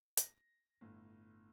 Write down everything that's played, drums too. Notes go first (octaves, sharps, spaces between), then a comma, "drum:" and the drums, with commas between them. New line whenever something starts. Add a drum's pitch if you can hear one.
A#6, drum: hi-hat
G1 A2